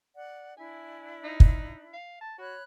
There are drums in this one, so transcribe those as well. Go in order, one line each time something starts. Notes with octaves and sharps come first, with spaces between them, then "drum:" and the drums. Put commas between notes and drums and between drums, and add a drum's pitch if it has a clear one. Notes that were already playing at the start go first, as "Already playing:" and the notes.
D5 F#5
D4 E4 E5 G#5
D#4
drum: kick
F5
A5
F#4 C#5 B5 F#6